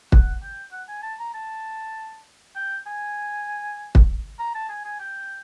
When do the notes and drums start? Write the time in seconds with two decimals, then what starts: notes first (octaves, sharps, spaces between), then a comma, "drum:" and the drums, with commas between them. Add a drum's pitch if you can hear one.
0.12 F#5, drum: kick
0.43 G5
0.72 F#5
0.88 G#5
1.03 A5
1.19 A#5
1.34 A5
2.56 G5
2.86 G#5
3.95 drum: kick
4.39 A#5
4.55 A5
4.69 G#5
4.85 G#5
5.00 G5